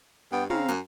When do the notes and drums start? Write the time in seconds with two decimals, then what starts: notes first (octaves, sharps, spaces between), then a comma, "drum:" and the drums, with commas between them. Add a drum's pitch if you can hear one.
0.32 G2 B3 G5
0.50 C#3 C4 F5 A#5, drum: tom
0.68 F#2, drum: hi-hat